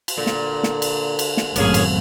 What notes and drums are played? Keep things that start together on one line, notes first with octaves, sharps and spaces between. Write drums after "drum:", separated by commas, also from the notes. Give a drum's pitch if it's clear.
drum: cymbal
A#2 D3
drum: snare
drum: snare
drum: cymbal
drum: cymbal
drum: snare
G#1 F#2 A2 A#3 C#4 G#4, drum: cymbal
drum: cymbal